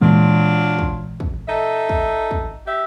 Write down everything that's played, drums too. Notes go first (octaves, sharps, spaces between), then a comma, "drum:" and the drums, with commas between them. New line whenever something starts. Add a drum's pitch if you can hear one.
A#2 E3 F#3 G#3 D4 F4
drum: kick
drum: kick
D#4 A4 E5
drum: kick
drum: kick
G4 E5